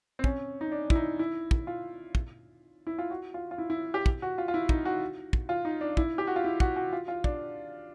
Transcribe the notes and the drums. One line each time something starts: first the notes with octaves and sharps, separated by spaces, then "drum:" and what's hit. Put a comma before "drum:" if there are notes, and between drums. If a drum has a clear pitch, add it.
C4
C#4, drum: kick
D#4
D4
E4, drum: kick
D#4
E4
drum: kick
F4
drum: kick
E4
F4
F#4
F4
F4
E4
E4
G4
drum: kick
F#4
F4
F4
E4
D#4, drum: kick
F#4
drum: kick
F4
D#4
D4
E4, drum: kick
G4
F#4
F4
E4
F#4, drum: kick
F#4
F4
F4
D4, drum: kick